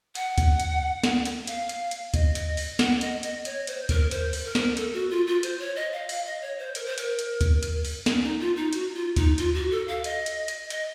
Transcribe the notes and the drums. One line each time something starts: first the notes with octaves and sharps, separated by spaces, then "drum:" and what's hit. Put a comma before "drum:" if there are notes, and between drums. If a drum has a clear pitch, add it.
F#5, drum: hi-hat
drum: kick D2, hi-hat
drum: hi-hat
drum: snare
drum: hi-hat
F5, drum: hi-hat
drum: hi-hat
drum: hi-hat
D#5, drum: kick D2, hi-hat
drum: hi-hat
drum: open hi-hat
F#5, drum: snare
D#5, drum: hi-hat
D#5, drum: hi-hat
C#5, drum: hi-hat
C5, drum: hi-hat
A#4, drum: kick D2, hi-hat
C5, drum: hi-hat
drum: open hi-hat
A#4
drum: snare
A4, drum: hi-hat
F#4
F4
F4
C5, drum: hi-hat
C#5
D#5
F5
F5, drum: open hi-hat
D#5
C#5
C5
A#4, drum: hi-hat
C5
A#4, drum: hi-hat
drum: hi-hat
drum: kick D2, hi-hat
drum: hi-hat
drum: open hi-hat
C#4, drum: snare
D#4
F4
D#4
F#4, drum: hi-hat
D#4
F4
D#4, drum: kick D2, hi-hat
F4, drum: hi-hat
F#4
A4
F5
D#5, drum: hi-hat
drum: hi-hat
drum: hi-hat
D#5, drum: hi-hat